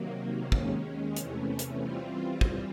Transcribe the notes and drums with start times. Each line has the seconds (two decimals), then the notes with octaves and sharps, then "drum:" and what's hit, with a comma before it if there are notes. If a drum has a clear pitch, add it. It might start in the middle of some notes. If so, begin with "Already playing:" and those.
Already playing: C3 D#3 F#3 A#3
0.52 D#2 D#3 G#3 C#4, drum: kick
1.17 E2 C3 E3 A3 C#4, drum: hi-hat
1.59 drum: hi-hat
1.81 E3 G3 C4 F4
2.41 drum: kick